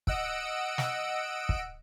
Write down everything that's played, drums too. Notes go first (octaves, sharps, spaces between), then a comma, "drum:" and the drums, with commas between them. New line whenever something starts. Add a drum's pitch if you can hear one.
D#5 F#5 E6 D7, drum: kick
drum: snare
drum: kick